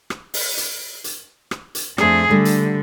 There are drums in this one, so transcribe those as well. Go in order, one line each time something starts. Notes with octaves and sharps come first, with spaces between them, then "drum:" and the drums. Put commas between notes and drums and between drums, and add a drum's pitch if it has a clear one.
drum: rim click
drum: open hi-hat
drum: hi-hat
drum: hi-hat
drum: rim click
drum: hi-hat
F2 A3 D4 G#4, drum: rim click
D3 G3 A3
drum: hi-hat